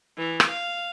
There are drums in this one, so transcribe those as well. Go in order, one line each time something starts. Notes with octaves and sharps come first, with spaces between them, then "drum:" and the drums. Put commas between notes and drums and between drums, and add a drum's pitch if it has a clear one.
E3
drum: rim click
F5